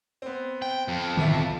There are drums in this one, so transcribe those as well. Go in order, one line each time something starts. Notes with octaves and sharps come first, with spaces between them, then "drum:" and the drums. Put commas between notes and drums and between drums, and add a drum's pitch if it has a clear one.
B3 C4
G5
F2
D1 B1 E5, drum: tom D3
A5